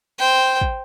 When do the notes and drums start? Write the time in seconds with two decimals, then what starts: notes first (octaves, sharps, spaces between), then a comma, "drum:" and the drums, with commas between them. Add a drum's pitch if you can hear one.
0.18 C5 G5
0.61 drum: kick